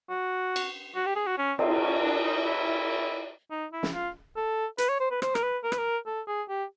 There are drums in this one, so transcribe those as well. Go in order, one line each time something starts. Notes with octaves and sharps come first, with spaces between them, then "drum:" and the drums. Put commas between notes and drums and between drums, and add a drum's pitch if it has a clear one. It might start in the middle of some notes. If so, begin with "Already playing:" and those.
F#4
drum: cymbal
F#4
G4
G#4
F#4
C#4
C4, drum: cymbal
C#4
D4
D#4
E4
D#4
E4
drum: snare
F4
A4
B4, drum: hi-hat
C#5
C5
B4
C5, drum: rim click
A#4, drum: rim click
B4
A#4
B4, drum: rim click
A#4
A4
G#4
G4